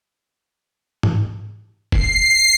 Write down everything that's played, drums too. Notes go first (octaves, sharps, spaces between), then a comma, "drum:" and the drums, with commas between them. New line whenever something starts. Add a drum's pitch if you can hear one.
drum: tom G#2
C7, drum: kick